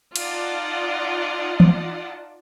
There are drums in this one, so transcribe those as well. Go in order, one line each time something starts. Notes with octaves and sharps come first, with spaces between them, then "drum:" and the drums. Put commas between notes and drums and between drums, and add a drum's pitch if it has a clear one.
D#4 F4 D5 D#5 F#5 A5, drum: cymbal
drum: tom E3